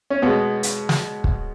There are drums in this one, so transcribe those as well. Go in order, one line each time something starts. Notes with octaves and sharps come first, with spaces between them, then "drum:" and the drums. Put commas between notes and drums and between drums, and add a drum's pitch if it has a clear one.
C#4
B2 G#3 B3
drum: hi-hat
drum: snare
drum: kick